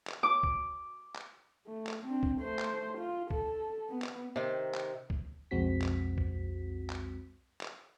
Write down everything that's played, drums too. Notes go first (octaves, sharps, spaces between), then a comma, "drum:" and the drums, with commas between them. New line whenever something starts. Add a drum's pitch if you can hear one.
drum: clap
D6
drum: kick
drum: clap
A3
drum: clap
C4 D4
drum: kick
A3 C5
drum: clap
F4
A4, drum: kick
B3
drum: clap
C3 D#3
drum: clap
drum: kick
B1 F2 G#3 C4 F#4 B6
drum: clap
drum: kick
drum: clap
drum: clap